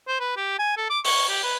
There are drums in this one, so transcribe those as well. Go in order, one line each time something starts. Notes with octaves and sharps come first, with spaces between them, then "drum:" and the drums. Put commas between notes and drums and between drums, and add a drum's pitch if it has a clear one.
C5
B4
G4
G#5
A4
D6
C#6, drum: open hi-hat
G4
B4